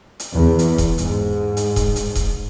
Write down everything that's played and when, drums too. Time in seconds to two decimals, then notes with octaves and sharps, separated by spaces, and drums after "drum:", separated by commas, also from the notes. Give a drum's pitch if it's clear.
0.20 drum: hi-hat
0.33 E2
0.59 drum: hi-hat
0.78 drum: kick D#1, hi-hat
0.98 G#2, drum: hi-hat
1.57 drum: hi-hat
1.76 drum: kick D#1, hi-hat
1.96 drum: hi-hat
2.15 drum: kick D#1, hi-hat